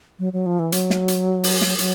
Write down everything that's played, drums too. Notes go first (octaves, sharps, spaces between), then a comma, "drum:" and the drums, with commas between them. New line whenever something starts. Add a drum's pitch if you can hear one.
F#3
F#3
F3
E3
F#3, drum: hi-hat
drum: snare
drum: hi-hat
drum: open hi-hat
drum: snare
F#3, drum: hi-hat